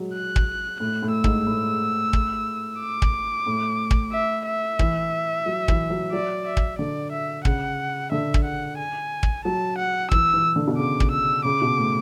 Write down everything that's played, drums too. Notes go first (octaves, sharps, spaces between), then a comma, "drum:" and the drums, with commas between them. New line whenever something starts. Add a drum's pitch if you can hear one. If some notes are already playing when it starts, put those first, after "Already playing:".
Already playing: F#3 G#3
F#6
drum: kick
A2 F#6
A2
E6
G#2, drum: kick
A2
drum: kick
D6
drum: kick
A2
drum: kick
E5
E5
E3, drum: kick
F#3
E3, drum: kick
F#3
F#3 D5
E5
drum: kick
D3 D5
E5
C#3 F#5, drum: kick
D3 E5
drum: kick
F#5
G#5
drum: kick
F#3 A5
F#5
E3 E6, drum: kick
E3
D3
B2
C#3 D6
drum: kick
E6
C#3 D6
B2
A2